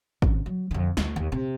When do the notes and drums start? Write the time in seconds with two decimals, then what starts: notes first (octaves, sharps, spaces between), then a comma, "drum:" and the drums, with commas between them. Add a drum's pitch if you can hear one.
0.22 G#1 C#3, drum: kick
0.46 F#3
0.71 F2 D3
0.97 D2, drum: snare
1.16 D#2
1.32 C3